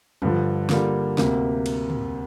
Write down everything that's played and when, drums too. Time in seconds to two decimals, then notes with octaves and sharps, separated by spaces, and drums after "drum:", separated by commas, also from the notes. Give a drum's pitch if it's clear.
0.22 G2 D3 F3, drum: tom
0.69 D3 G3 A#3 F4, drum: snare
1.18 D2 C3 A#3, drum: snare
1.66 drum: cymbal
1.90 drum: tom